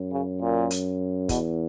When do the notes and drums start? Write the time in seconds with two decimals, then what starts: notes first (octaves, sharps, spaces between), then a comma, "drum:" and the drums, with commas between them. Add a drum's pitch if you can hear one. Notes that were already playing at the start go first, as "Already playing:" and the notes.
Already playing: F#2
0.12 C#3
0.41 A#2
0.71 drum: hi-hat
1.29 E2 B2, drum: kick, hi-hat